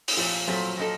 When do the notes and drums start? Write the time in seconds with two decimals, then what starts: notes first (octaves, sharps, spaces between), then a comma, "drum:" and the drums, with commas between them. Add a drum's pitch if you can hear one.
0.08 drum: open hi-hat
0.17 A#2 F3 A3 C4
0.47 A#2 F#3 A3 C4
0.77 A#2 F3 A#3 D#4 A4